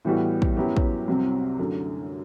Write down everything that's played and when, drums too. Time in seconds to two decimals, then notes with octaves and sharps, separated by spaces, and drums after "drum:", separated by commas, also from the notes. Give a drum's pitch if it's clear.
0.05 A2 E3 G3 B3 F#4
0.42 drum: kick
0.56 F#2 F#3 B3 E4 G4
0.77 drum: kick
1.08 C2 C3 F#3 C4
1.59 F#2 D3 A3